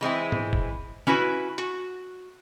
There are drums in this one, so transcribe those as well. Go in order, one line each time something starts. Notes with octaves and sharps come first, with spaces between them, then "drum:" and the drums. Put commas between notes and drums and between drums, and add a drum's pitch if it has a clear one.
E3 G#3 C4 E4
drum: tom G#2
drum: kick F#1
C#4 E4 F#4 B4, drum: snare
F#4, drum: hi-hat